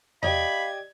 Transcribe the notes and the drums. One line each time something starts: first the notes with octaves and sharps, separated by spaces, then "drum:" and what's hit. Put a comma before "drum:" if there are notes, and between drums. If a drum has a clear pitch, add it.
G4 D5 D#5 F5 B5 G#6, drum: tom E2